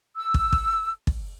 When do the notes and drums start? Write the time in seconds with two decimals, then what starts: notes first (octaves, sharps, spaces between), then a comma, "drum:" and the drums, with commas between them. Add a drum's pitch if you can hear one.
0.16 E6
0.34 drum: kick
0.53 drum: kick
1.07 drum: kick